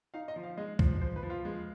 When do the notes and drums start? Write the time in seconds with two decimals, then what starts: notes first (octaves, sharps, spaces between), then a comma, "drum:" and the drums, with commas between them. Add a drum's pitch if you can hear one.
0.14 D#4 F5
0.28 D#5
0.36 F3
0.43 F5
0.57 G#3 D#5
0.79 F3, drum: kick
1.01 F3 C5
1.16 B4
1.23 F3
1.30 F4
1.45 G#3